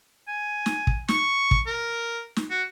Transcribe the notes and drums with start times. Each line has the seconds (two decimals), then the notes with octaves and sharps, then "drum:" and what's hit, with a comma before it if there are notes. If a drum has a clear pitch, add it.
0.28 G#5
0.66 drum: snare
0.87 drum: kick
1.08 C#6, drum: snare
1.51 drum: kick
1.67 A#4
2.36 drum: snare
2.50 F#4